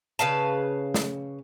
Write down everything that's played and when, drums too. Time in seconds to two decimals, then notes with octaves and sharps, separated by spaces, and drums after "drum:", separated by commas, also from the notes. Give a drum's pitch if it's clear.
0.19 C#3 B4 F5 A5
0.94 drum: snare